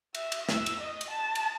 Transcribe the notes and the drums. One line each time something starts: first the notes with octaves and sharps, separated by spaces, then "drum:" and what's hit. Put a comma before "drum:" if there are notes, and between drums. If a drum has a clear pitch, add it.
E5, drum: cymbal
drum: cymbal
E6, drum: snare
drum: cymbal
D#5
drum: cymbal
A5
drum: cymbal